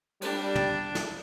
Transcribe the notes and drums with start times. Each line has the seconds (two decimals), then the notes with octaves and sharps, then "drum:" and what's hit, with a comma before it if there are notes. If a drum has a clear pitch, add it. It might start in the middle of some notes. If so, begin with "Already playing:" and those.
0.22 G3 D4, drum: cymbal
0.56 drum: tom
0.95 drum: snare